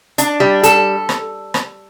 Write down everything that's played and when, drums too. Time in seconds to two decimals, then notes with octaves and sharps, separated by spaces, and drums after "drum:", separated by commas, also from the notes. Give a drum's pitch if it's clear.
0.18 D4, drum: hi-hat
0.40 G3
0.63 A4, drum: hi-hat
1.09 drum: rim click
1.54 drum: rim click